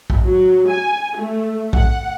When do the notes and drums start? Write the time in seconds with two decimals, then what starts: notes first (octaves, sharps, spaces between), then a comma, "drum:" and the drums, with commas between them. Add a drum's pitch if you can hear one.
0.10 drum: kick
0.24 F#3
0.68 G#5
1.19 A3
1.73 F#5, drum: kick